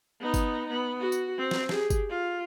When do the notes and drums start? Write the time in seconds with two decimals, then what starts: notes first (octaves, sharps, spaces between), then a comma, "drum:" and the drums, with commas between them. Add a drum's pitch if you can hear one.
0.21 B3 D#4
0.34 drum: kick G1, tambourine
0.70 B3
1.00 F#4
1.12 drum: tambourine
1.38 C4
1.51 drum: snare
1.69 G4 G#4, drum: snare
1.90 drum: kick G1, tambourine
2.10 F4